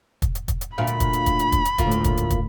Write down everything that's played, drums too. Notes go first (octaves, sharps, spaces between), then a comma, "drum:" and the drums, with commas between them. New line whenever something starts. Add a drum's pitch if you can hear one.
drum: kick, hi-hat
drum: hi-hat
drum: kick, hi-hat
drum: hi-hat
D2 A#2 F5 B5
drum: hi-hat
drum: kick, hi-hat
drum: hi-hat
drum: kick, hi-hat
drum: hi-hat
drum: kick, hi-hat
drum: hi-hat
D2 A2 A#3 F4, drum: kick, hi-hat
drum: hi-hat
drum: kick, hi-hat
drum: hi-hat
drum: kick, hi-hat